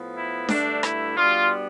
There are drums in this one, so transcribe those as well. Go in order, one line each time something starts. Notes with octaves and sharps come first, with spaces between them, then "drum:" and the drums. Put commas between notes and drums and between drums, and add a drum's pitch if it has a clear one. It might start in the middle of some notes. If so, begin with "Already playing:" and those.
Already playing: A2 F3 B3
E4
G2 D3 A3 D4, drum: snare D4
E4, drum: rim click
B2 G3 B3 D4 F4